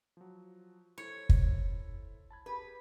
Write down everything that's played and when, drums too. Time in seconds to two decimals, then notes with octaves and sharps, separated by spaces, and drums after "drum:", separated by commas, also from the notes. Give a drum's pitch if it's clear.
0.17 F3 F#3
0.98 E4 A4 C5 C#5
1.29 drum: kick
2.31 A5 B5 G#6
2.46 G4 G#4 B4